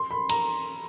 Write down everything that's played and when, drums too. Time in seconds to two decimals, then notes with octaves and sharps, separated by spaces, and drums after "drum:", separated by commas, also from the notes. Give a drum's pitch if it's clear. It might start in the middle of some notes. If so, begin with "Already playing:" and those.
Already playing: C6
0.11 B5
0.29 A#5, drum: cymbal